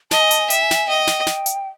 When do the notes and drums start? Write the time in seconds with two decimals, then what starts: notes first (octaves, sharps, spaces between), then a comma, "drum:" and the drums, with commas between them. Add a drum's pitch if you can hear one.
0.11 D#5 A5, drum: snare
0.21 G#5
0.31 A5, drum: hi-hat
0.40 G#5
0.50 E5 G5, drum: hi-hat
0.62 G#5
0.71 G5, drum: snare
0.75 G#5
0.88 D#5 G5
1.07 drum: snare
1.27 drum: snare
1.46 drum: hi-hat